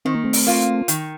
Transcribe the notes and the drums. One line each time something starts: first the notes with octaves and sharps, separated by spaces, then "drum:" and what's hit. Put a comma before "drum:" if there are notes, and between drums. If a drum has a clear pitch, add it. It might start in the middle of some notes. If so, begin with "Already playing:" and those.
D#3 C4
A#3
A3 C4
drum: open hi-hat
A#3 F4
D#3, drum: hi-hat